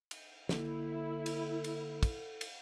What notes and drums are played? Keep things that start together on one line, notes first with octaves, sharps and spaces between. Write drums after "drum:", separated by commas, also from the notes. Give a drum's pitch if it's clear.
drum: cymbal
D3 A#3 E4 A4, drum: snare
drum: cymbal
drum: cymbal
drum: kick, cymbal
drum: cymbal